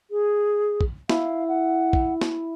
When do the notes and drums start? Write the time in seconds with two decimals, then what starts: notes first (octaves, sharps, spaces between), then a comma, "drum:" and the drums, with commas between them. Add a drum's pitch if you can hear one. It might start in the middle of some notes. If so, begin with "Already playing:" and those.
0.10 G#4
0.81 drum: kick
1.09 E4 F5, drum: snare
1.48 F#5
1.93 drum: kick
2.21 drum: snare